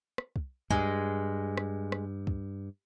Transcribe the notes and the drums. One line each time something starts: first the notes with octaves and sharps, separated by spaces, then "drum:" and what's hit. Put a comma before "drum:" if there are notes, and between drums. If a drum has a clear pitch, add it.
drum: rim click
drum: kick
G2 G#3, drum: kick
drum: rim click
drum: rim click
drum: kick